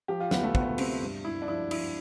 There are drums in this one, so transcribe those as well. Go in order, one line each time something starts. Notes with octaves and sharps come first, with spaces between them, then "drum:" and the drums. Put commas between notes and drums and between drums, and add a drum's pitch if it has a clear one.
F3 G4
F4
D2 B3, drum: snare
A3
D2 B3, drum: kick
C3 C4, drum: cymbal
G2
G2 E4
D4
F3 E4
F3 E4, drum: cymbal